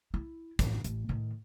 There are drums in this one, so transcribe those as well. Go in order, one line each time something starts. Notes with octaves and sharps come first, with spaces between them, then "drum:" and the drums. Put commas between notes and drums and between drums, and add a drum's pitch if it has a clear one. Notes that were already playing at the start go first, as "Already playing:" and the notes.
E4
A1 E3, drum: kick, hi-hat
A1, drum: hi-hat
A2 D#3